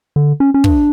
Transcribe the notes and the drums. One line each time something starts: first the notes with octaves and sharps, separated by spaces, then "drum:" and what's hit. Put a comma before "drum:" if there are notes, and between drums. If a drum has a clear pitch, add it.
D3
C#4
C#4
D4, drum: kick